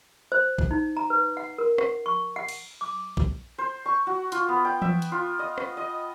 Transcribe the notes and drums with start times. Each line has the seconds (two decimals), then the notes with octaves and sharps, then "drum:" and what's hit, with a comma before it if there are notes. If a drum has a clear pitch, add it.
0.32 C5
0.58 drum: kick A#1
0.71 D#4
0.97 A#5
1.10 B4
1.37 F#5
1.58 A#4
1.78 F#5, drum: rim click
2.06 C#6
2.36 F#5
2.48 drum: cymbal
2.81 D6
3.17 drum: kick A#1
3.58 C5
3.86 C#6
4.07 F#4
4.32 F4, drum: hi-hat
4.49 B3
4.65 G5
4.82 E5, drum: tom E3
5.02 drum: hi-hat
5.12 F4
5.39 D#5
5.58 drum: rim click
5.77 D#5